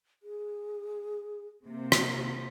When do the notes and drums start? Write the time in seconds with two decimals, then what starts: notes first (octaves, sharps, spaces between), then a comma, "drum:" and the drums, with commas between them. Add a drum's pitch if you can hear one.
0.23 G#4
1.65 C3 A#3
1.92 drum: rim click